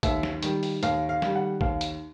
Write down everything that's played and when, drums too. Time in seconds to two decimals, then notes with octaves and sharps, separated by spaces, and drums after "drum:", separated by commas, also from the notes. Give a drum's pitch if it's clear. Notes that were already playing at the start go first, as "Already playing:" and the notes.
0.03 D#2 E5, drum: kick, hi-hat
0.23 drum: snare
0.43 D#3 G3, drum: hi-hat
0.63 drum: open hi-hat
0.83 D#2 F5, drum: hi-hat
1.09 F5
1.22 D#3 G3, drum: snare
1.35 F#5
1.61 D#2 F5, drum: kick
1.81 drum: hi-hat